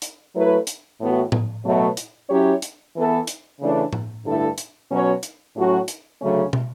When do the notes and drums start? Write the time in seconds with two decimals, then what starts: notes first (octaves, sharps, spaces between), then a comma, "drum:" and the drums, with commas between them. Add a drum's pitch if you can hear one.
0.02 drum: hi-hat
0.34 F#3 A3 E4 B4
0.67 drum: hi-hat
1.00 A2 E3 B3 F#4
1.32 drum: tom A2
1.64 B2 F#3 A3
1.97 drum: hi-hat
2.29 F#3 C#4 E4 G4 C#5
2.62 drum: hi-hat
2.95 E3 B3 E4 A4
3.27 drum: hi-hat
3.60 C#3 E3 A3 D4
3.93 drum: tom A2
4.25 G2 D3 A3 E4 A4
4.58 drum: hi-hat
4.90 B2 F#3 C#4 F#4 C#5
5.23 drum: hi-hat
5.55 A2 F#3 C#4 F#4
5.88 drum: hi-hat
6.20 D2 C#3 F#3 A3 C#4
6.53 drum: tom